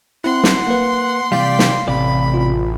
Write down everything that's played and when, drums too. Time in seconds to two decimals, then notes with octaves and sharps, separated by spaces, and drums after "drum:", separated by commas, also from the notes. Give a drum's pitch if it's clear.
0.24 C4 E4 F#5 C6
0.44 drum: snare
0.67 A#3 B4
1.32 C3 E3 G3 D5 F5 G5 B6
1.59 drum: snare
1.88 A1 C3 D5 B5
2.34 F4